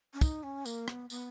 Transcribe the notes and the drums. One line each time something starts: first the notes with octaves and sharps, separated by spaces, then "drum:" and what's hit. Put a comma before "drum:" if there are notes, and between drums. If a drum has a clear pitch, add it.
C#4
D#4, drum: kick, tambourine
C#4
A#3, drum: tambourine
B3, drum: rim click
B3, drum: tambourine